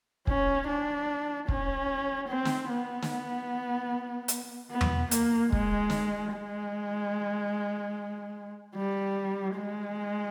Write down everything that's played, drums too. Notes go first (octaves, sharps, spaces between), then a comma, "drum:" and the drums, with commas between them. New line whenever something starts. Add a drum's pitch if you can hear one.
C#4, drum: kick
D4
C#4, drum: kick
C4
drum: snare
B3
drum: snare
drum: hi-hat
B3
drum: tom E2
A#3, drum: hi-hat
G#3, drum: kick
drum: snare
G#3
G3
G#3